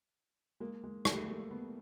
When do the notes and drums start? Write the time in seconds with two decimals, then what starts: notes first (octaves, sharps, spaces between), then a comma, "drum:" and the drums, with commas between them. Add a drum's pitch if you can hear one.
0.60 G#3 A#3
0.84 G#3
1.05 G3 A3, drum: rim click
1.28 G#3 A#3
1.51 A3 B3